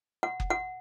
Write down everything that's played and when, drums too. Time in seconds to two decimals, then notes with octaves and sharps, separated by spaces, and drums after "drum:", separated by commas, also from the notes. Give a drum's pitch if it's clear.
0.23 F#5
0.40 drum: kick F#1
0.50 F#5